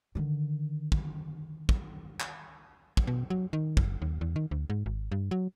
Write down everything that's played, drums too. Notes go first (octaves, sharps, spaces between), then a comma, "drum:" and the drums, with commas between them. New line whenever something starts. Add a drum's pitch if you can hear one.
D3 D#3
drum: kick
drum: kick
drum: clap
drum: kick
B2
F#3
D#3
F#1, drum: kick
D#2
E2
D#3
D2
G#2
G#1
G2
F#3